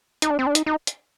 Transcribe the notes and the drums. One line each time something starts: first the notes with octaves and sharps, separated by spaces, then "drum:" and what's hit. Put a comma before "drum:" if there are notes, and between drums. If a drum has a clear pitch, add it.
D#4, drum: hi-hat
D4
C4
D4
D#4, drum: hi-hat
D#4
drum: hi-hat